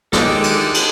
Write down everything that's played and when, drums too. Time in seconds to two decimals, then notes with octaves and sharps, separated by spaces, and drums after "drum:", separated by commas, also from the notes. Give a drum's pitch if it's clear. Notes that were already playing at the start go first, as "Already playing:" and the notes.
0.13 D3 D#3 G#3 G4 A4, drum: snare
0.44 drum: cymbal
0.74 drum: cymbal